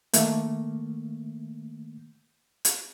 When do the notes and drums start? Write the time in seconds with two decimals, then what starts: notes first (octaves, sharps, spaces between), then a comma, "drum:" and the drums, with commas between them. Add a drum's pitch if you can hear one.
0.13 D#3 A3 A#3, drum: hi-hat
2.65 drum: hi-hat